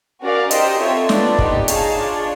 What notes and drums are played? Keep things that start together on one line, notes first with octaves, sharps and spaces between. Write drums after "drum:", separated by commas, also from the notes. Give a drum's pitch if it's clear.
C#4 F#4 A#4 D5 F5
D#4 G4 C5 D#5 G5, drum: hi-hat
C4 F4 A4 C#5 E5
B3 D4 F4 A4 D5, drum: snare
B3 D#4 G4, drum: kick
D#4 G#4 C#5 F5 A5, drum: hi-hat
D4 F4 G#4 C#5